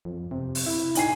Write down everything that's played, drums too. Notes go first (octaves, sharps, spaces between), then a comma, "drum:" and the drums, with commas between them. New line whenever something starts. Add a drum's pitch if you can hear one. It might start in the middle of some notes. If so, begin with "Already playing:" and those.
F2
C3
drum: open hi-hat
E4
D#4 G#5 C7, drum: hi-hat